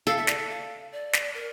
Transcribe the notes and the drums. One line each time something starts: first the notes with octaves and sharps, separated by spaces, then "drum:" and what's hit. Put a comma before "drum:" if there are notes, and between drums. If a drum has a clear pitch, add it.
A4 F5
E5
D5, drum: snare
E5
F5
D5
drum: snare
A#4